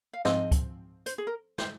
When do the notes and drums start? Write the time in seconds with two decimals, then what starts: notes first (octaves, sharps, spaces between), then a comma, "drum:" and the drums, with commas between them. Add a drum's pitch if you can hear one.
0.13 F5
0.25 G#2 F3 C4 D#5, drum: snare
0.52 drum: kick C#2, hi-hat
1.06 C5, drum: hi-hat
1.18 G#4
1.27 A#4
1.58 C5, drum: snare